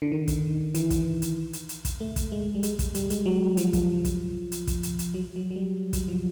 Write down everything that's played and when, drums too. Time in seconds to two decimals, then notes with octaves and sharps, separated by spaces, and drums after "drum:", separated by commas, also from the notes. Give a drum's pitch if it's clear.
0.02 D3
0.12 D#3
0.28 drum: kick, hi-hat
0.74 E3, drum: hi-hat
0.90 drum: kick, hi-hat
1.22 drum: hi-hat
1.53 drum: hi-hat
1.69 drum: hi-hat
1.85 drum: kick, hi-hat
2.00 A3
2.16 drum: kick, hi-hat
2.32 G#3
2.55 G3
2.63 G#3, drum: hi-hat
2.79 drum: kick, hi-hat
2.95 G3, drum: hi-hat
3.10 G#3, drum: hi-hat
3.26 F#3
3.57 F3, drum: hi-hat
3.73 drum: kick, hi-hat
4.05 drum: kick, hi-hat
4.52 drum: hi-hat
4.67 drum: kick, hi-hat
4.83 drum: hi-hat
4.99 drum: hi-hat
5.14 F#3
5.36 F#3
5.51 F#3
5.56 G3
5.93 F#3, drum: kick, hi-hat
6.08 F3